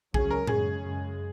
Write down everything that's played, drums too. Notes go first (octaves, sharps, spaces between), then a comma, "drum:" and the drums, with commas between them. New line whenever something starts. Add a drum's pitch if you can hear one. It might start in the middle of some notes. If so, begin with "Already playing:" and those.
C#2 C#3 F#3 C#4 G#4, drum: kick A#1
A#4
F#2 C#3 G#3 C#4 G#4, drum: tom A2
F#2 C#3 G#3